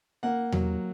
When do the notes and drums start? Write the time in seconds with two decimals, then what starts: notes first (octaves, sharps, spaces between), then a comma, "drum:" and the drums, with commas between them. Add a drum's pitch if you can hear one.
0.23 A#3 F#5
0.52 F#3, drum: tom E2